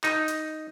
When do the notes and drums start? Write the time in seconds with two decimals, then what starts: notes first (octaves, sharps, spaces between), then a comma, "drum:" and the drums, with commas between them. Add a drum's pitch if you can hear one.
0.04 D#4, drum: clap
0.28 drum: hi-hat